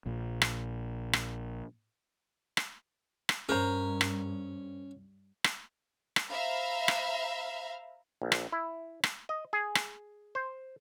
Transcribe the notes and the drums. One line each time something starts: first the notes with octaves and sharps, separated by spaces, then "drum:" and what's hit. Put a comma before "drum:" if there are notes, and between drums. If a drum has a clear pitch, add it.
A#1 A#2
drum: rim click
drum: rim click
drum: rim click
drum: rim click
G2 C#4 A#4 C5 A#5
drum: rim click
drum: rim click
drum: rim click
C5 E5 F5 A#5 B5
drum: rim click
A#1
drum: rim click
E4
drum: rim click
D#5
G#4
drum: rim click
C5